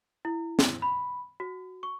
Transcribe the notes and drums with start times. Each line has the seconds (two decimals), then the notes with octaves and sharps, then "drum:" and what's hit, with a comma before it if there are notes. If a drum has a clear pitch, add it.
0.25 E4
0.59 drum: snare
0.82 B5
1.40 F#4
1.83 C#6